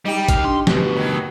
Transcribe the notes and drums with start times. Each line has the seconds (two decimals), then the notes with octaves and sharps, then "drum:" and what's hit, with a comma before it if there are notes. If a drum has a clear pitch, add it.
0.05 G3 D#4 G4
0.28 D#2 F5, drum: kick G#1, hi-hat
0.45 D4 C6
0.67 D2 B2 G4 B4, drum: snare
0.96 D#3 F#3